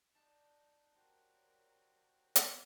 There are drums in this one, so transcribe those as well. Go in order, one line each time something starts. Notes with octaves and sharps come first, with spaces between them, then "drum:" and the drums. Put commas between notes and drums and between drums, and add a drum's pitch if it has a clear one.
D4 D#4 A5 G6
F#4 G4 A#4 C5 C#5 G5
drum: hi-hat